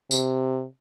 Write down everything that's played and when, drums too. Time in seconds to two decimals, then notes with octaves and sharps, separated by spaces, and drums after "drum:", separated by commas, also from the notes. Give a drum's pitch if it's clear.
0.11 C3, drum: tambourine